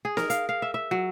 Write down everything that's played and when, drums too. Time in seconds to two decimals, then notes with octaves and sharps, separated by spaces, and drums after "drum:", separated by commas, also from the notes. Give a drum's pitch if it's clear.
0.05 G#4
0.17 A#4, drum: snare
0.30 F5, drum: hi-hat
0.49 F5
0.62 E5
0.74 E5
0.91 F#3